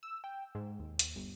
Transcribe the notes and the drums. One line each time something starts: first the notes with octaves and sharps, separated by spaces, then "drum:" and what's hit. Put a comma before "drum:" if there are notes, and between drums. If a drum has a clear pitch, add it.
E6
G5
G#2
D#2
drum: hi-hat
G1